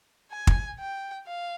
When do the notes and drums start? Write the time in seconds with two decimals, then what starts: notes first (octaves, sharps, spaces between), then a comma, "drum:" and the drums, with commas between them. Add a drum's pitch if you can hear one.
0.31 G#5
0.47 drum: kick
0.79 G5
1.27 F5